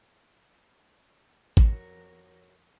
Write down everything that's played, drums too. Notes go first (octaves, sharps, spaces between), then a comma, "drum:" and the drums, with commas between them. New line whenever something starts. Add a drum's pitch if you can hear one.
F2 F#4 A#4 C#5, drum: kick A1